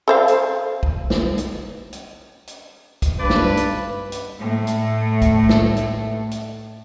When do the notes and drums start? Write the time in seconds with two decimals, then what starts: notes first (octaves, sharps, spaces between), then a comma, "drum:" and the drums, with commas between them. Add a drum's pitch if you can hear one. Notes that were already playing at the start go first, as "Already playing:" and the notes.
0.08 A4 C5 F5
0.28 drum: hi-hat
0.83 drum: kick
1.10 drum: snare
1.38 drum: hi-hat
1.93 drum: hi-hat
2.47 drum: hi-hat
3.02 drum: kick, hi-hat
3.20 G2 B4 D5
3.30 drum: snare
3.57 drum: hi-hat
4.12 drum: hi-hat
4.39 A2 A3
4.67 drum: hi-hat
5.22 drum: kick, hi-hat
5.49 drum: snare
5.77 drum: hi-hat
6.31 drum: hi-hat